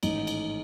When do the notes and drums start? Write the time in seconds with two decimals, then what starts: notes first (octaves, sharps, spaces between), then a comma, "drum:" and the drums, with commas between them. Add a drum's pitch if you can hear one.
0.03 A1 G#2 D#3 D#4, drum: cymbal
0.27 drum: cymbal